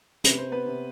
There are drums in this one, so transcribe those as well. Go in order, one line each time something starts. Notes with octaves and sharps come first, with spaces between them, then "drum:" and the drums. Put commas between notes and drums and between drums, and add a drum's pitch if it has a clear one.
C3 B4, drum: hi-hat
C5
B3 B4
C3